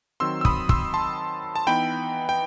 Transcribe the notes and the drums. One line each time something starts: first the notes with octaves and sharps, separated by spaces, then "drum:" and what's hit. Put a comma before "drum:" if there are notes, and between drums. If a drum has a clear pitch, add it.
D#3 F#3 C4 C6 E6
E6
B5 D#6, drum: kick
C6 E6, drum: kick
A5 C6
A5
E3 B3 D#4 G5 B5
G5